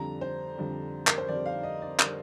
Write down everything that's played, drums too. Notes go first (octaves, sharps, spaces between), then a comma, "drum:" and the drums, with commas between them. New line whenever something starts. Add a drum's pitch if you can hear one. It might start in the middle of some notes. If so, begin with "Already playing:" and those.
Already playing: F2 D3 G3 A#5
C5
F2 D3 G3
A#4, drum: clap
C5
F2 D3 G3 D5
F5
D#5
D5
D3 G3 A#4, drum: clap